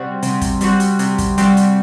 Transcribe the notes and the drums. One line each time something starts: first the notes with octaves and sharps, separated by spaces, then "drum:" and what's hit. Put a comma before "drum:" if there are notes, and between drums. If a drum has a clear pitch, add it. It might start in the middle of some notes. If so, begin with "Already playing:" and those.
Already playing: C3 G3 C4 F#4
C3, drum: hi-hat
drum: kick, hi-hat
G3 C4 F#4, drum: hi-hat
drum: hi-hat
C3, drum: hi-hat
drum: kick, hi-hat
G3 C4 F#4, drum: hi-hat
drum: hi-hat